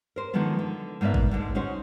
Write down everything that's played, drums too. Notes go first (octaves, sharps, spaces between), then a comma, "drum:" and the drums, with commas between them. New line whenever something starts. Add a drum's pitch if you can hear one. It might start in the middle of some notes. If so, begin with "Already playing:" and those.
A#4 C5
D3 D#3 F3 F#3 G#3 B3
D3
G#2 A#3 B3 D5 E5
drum: kick G#1
G#2 D3 F#3 G#3
C#4 D#4 F#4 C5